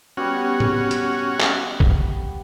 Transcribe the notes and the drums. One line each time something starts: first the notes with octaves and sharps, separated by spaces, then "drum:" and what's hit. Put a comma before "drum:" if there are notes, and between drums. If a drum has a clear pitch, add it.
G3 B3 C#4 F#4 G4
drum: tom A2
drum: hi-hat
drum: clap
drum: kick